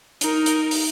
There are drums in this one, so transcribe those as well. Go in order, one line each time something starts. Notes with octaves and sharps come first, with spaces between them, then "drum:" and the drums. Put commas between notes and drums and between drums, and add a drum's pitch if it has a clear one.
D#4 A#4, drum: hi-hat
drum: hi-hat
drum: open hi-hat